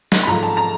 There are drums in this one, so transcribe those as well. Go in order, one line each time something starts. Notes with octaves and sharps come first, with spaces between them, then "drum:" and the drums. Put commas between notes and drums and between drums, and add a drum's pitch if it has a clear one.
drum: snare
B5
G#2 F3 A3 A#5
A5
A#5